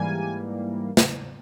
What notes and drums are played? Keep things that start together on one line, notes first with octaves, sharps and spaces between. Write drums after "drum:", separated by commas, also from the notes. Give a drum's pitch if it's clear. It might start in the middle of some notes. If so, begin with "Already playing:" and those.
Already playing: G#2 E3 G3 A#3 G#5
drum: snare